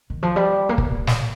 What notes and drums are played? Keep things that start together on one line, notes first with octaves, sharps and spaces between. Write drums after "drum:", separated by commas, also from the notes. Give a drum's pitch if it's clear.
D#3
F3
G3
A#3
G#3, drum: kick
drum: snare